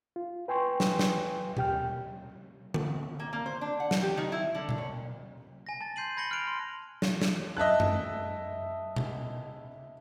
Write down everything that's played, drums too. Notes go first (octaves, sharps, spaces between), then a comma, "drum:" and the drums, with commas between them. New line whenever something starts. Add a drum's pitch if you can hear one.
F4
B4 G5 G#5 C6 C#6
drum: snare
drum: snare
D#2 G4 G5 F6, drum: tom B2
drum: tom D3
A#3
A#3
C5
D4
F#5
drum: snare
G4
D#3
E4
D3
drum: tom B2
C#5
G#5 A#6
A5 A6
C6 G6 C7 D#7 F#7
B5 G#6 A#6 C#7 F#7 G7
F6 F#6 A#6 D7 F7
C6
drum: snare
drum: snare
D#5 E5 A5 F#6
drum: tom F#2
drum: tom B2